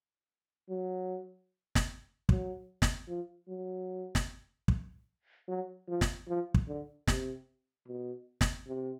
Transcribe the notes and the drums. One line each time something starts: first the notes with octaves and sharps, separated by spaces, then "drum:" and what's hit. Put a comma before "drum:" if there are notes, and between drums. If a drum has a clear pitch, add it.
F#3
drum: snare
F#3, drum: kick
drum: snare
F3
F#3
drum: snare
drum: kick
F#3
F3
drum: snare
F3
drum: kick
D3
C3, drum: snare
B2
drum: snare
C3